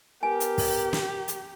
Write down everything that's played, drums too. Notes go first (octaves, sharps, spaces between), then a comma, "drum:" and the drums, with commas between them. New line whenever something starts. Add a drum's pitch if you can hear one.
B3 G4 A#4 G#5
drum: hi-hat
drum: kick, open hi-hat
drum: snare
drum: hi-hat